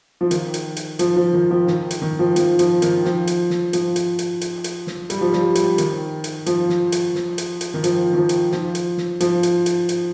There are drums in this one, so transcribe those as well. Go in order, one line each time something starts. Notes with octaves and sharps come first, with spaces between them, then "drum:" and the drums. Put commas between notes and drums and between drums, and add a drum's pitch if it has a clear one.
F3
D#3, drum: hi-hat
drum: hi-hat
drum: hi-hat
F3, drum: hi-hat
F3
D#3
F3
D#3, drum: snare
drum: hi-hat
D#3
F3
F3, drum: hi-hat
F3, drum: hi-hat
D#3, drum: hi-hat
F3, drum: snare
drum: hi-hat
drum: snare
F3, drum: hi-hat
drum: hi-hat
drum: hi-hat
drum: hi-hat
drum: hi-hat
drum: snare
G3, drum: hi-hat
F3
G3, drum: snare
G3, drum: hi-hat
D#3, drum: hi-hat
drum: hi-hat
F3, drum: hi-hat
drum: snare
drum: hi-hat
drum: snare
drum: hi-hat
drum: hi-hat
D#3
F3, drum: hi-hat
D#3
F3
drum: hi-hat
F3, drum: snare
drum: hi-hat
drum: snare
F3, drum: hi-hat
drum: hi-hat
drum: hi-hat
drum: hi-hat